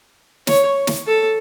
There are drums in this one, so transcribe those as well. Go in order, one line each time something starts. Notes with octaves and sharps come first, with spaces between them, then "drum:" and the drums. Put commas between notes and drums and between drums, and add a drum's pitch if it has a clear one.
C#5, drum: snare
drum: snare
A4